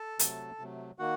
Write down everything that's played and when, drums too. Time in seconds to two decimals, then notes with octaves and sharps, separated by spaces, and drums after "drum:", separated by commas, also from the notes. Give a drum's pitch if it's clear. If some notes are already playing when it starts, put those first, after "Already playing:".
Already playing: A4 A5
0.19 C3 F#3 A3, drum: hi-hat
0.59 C3 F#3 A3
0.99 D#3 A#3 F#4 F#5